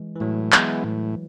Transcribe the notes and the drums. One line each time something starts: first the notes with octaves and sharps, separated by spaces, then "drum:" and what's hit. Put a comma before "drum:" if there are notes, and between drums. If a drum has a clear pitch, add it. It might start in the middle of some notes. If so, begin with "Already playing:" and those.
Already playing: E3 G#3
E3
A2 F#3
E3 G#3 B3 E4, drum: clap
A2